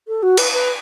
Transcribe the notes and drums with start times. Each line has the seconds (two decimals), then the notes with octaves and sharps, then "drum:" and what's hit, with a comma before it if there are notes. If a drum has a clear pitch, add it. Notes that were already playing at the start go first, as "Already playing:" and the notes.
0.08 A4
0.22 F#4
0.37 B4, drum: cymbal
0.52 B4